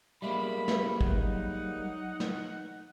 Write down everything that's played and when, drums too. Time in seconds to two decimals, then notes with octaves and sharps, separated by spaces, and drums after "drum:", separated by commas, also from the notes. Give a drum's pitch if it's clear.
0.22 G3 G#3 A#3 E5 B5
0.68 drum: snare
1.01 F#3 D#4 F#5, drum: kick
2.20 drum: snare